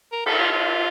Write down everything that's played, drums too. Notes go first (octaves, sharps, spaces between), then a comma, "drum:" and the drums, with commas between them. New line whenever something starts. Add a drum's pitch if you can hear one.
A#4
A4, drum: cymbal
F4
F4